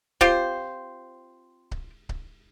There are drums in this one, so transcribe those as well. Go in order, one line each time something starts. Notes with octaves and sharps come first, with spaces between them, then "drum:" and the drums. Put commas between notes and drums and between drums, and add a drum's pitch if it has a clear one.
C4 F4 G4 C5, drum: kick C#1
drum: kick C#1
drum: kick C#1